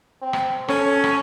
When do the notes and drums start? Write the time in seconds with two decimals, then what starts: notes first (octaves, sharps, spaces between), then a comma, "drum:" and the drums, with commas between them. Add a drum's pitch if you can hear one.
0.22 C4
0.33 drum: rim click
0.68 C#4 A4, drum: rim click
1.04 drum: rim click